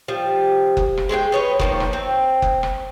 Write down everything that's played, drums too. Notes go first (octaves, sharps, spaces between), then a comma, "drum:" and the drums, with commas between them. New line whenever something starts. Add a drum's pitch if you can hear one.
F3 G3
drum: kick F#1
drum: rim click
G#3 G#4 F#5 G5
B4 C#5 D#5
D#3 F3 A#3, drum: kick F#1
drum: rim click
C4
drum: kick F#1
drum: rim click